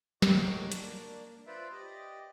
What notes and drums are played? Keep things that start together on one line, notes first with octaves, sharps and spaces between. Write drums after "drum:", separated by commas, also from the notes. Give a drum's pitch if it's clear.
A2 D#3 G#3 A#3 F#4 D6, drum: snare
A#3 D4, drum: hi-hat
F4 B4 C5 D5 E5
G4 D5 D#5